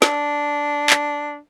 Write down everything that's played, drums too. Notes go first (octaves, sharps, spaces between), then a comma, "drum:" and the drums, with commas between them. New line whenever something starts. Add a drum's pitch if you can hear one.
D4, drum: snare
drum: clap